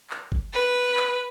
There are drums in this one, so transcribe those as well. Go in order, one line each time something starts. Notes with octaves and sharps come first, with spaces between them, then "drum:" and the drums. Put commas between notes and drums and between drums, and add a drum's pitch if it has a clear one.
drum: clap
drum: kick G#1
B4
drum: clap